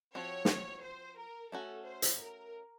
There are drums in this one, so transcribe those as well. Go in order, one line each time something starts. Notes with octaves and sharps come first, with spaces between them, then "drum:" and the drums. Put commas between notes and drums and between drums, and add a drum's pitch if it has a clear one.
F3 C4 F#4 C#5
drum: snare
C5
A#4
A3 C#4 F#4 A4
C5
drum: hi-hat
A#4